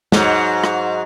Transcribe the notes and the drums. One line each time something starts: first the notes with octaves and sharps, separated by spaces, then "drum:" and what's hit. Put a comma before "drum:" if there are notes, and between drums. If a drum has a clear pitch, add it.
G#2 F#3, drum: snare
drum: rim click